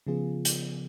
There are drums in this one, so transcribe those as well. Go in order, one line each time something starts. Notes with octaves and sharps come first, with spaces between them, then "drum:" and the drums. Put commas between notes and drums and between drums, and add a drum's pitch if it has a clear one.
C#3 F3 B3 F4 G#4
drum: hi-hat